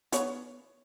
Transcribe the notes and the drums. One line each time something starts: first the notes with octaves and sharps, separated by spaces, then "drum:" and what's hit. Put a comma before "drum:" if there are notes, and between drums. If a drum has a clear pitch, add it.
B3 C#5, drum: hi-hat